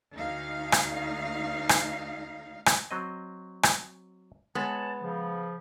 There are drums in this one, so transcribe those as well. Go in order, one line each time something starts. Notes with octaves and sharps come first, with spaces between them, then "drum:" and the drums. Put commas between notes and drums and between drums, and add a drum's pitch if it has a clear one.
D2 D#4 F5
drum: rim click
drum: rim click
drum: rim click
F#3 C4 D#5
drum: rim click
G#3 B3 C#5 G#5 A5
C#3 F3